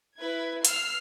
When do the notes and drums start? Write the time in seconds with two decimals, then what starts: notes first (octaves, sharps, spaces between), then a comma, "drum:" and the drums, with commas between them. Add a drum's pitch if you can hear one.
0.17 E4 B4 G#6
0.65 E6 F6 C7, drum: hi-hat